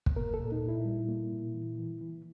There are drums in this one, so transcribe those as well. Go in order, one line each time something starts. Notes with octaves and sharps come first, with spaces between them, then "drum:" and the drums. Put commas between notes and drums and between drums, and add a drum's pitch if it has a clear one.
drum: kick
A#3 A#4
A4
A#2
D#4
A#2
E4
G3
A#3
A#2
E3
E3
E3